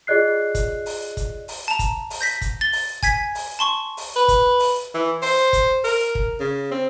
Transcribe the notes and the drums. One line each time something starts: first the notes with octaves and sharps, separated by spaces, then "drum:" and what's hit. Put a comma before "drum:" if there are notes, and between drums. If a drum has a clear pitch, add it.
F4 G#4 D5 D#5 F#6 C7
drum: kick, hi-hat
drum: open hi-hat
drum: kick, hi-hat
drum: open hi-hat
A5 A#5
drum: kick, hi-hat
drum: open hi-hat
G6 A#6 B6
drum: kick, hi-hat
A6 G7
drum: open hi-hat
G#5 G#6 B6, drum: kick, hi-hat
drum: open hi-hat
A5 C6 C#6
drum: open hi-hat
B4
drum: kick, hi-hat
drum: open hi-hat
E3
C5, drum: open hi-hat
drum: kick, hi-hat
A#4, drum: open hi-hat
drum: kick
C#3
C4